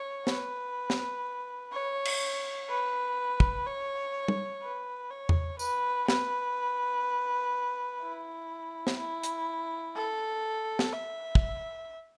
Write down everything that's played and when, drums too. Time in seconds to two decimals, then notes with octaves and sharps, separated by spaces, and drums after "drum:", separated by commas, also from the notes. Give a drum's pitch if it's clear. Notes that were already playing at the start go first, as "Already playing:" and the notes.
Already playing: C#5
0.27 B4, drum: snare
0.90 drum: snare
1.73 C#5
2.05 drum: cymbal
2.68 B4
3.40 drum: kick
3.66 C#5
4.28 drum: tom
4.63 B4
5.11 C#5
5.29 drum: tom E2
5.59 B4, drum: tambourine
6.08 B4, drum: snare
8.02 E4
8.87 drum: snare
8.99 E4
9.23 drum: hi-hat
9.96 A4
10.79 drum: snare
10.93 E5
11.35 drum: kick